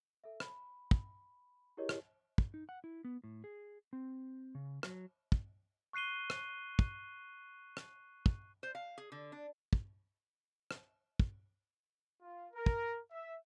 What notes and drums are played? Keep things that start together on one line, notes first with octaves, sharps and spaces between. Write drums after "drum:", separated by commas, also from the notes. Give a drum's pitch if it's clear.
A4 E5
B5, drum: rim click
drum: kick
E4 G4 G#4 A#4 C#5 D#5
drum: rim click
drum: kick
D#4
F#5
E4
B3
A2
G#4
C4
C#3
F#3, drum: rim click
drum: kick
C#6 F#6 C7 D#7 G7
drum: rim click
drum: kick
drum: rim click
drum: kick
C5
F5
G#4
D3
D4
drum: kick
drum: rim click
drum: kick
F4
A#4
drum: kick
E5